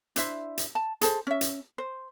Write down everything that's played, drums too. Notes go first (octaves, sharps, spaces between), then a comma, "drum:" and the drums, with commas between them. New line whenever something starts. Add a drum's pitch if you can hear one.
D4 E4 C5 E5, drum: hi-hat
drum: hi-hat
A5
G#4 A4 C5, drum: hi-hat
C#4 E5
drum: hi-hat
C5